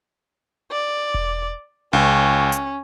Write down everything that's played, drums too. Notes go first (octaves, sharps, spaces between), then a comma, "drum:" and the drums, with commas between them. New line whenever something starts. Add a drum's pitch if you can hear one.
D5
drum: kick E1
C#2 C#4
drum: hi-hat